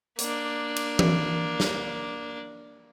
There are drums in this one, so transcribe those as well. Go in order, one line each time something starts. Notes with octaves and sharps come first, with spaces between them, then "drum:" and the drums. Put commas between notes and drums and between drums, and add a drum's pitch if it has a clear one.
A#3 D4, drum: hi-hat
drum: cymbal
drum: tom E3
drum: snare